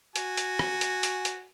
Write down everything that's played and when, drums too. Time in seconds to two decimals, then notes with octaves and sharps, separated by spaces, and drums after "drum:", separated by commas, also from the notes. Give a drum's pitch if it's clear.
0.16 F#4 G#5, drum: hi-hat
0.37 drum: hi-hat
0.59 drum: rim click
0.81 drum: hi-hat
1.03 drum: hi-hat
1.25 drum: hi-hat